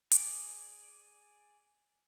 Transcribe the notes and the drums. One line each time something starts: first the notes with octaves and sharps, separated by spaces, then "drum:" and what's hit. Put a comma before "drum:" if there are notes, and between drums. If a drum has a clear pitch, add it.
G#4 D5, drum: hi-hat